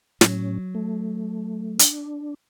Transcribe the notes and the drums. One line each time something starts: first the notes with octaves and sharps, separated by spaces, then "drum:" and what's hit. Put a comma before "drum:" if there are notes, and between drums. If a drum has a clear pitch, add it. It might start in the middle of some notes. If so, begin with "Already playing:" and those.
A2 F#3 C#4, drum: snare
A3
D4, drum: hi-hat